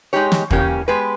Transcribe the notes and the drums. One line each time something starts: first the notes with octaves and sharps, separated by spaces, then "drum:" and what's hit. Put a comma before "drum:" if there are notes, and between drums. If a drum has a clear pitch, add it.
G#3 D#4 G4 C#5
drum: snare
C#3 E3 A#3 C#4 G4, drum: kick
G#3 B3 G4 B4